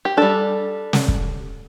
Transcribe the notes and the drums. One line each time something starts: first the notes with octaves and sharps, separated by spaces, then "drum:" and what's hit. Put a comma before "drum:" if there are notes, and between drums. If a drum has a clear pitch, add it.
G4
G3 D4 A4
drum: snare
drum: kick